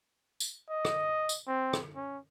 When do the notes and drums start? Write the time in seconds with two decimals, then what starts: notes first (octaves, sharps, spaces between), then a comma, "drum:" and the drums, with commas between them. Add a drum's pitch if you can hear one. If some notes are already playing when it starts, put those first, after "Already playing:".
0.40 drum: tambourine
0.70 D#5
0.85 drum: rim click
1.29 drum: tambourine
1.47 C4
1.73 drum: rim click
1.96 C#4